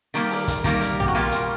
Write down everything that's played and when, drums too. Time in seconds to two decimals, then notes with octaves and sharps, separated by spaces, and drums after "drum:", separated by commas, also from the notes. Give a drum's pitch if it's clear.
0.14 D#3 G3 A#3, drum: hi-hat
0.31 drum: open hi-hat
0.48 drum: kick, hi-hat
0.64 D#3 G3 A#3, drum: kick, hi-hat
0.81 drum: hi-hat
1.00 G4, drum: tom A#1
1.08 F#4
1.15 A#2 G3 A#3 F4
1.32 drum: hi-hat